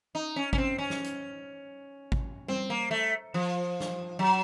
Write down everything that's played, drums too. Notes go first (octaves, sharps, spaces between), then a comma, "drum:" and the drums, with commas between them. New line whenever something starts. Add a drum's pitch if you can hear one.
D#4
C#4
C#4, drum: kick G#1
C4
C#4
drum: snare
drum: hi-hat
drum: kick G#1
C4, drum: tom G3
A#3
A3
F3
drum: snare
F#3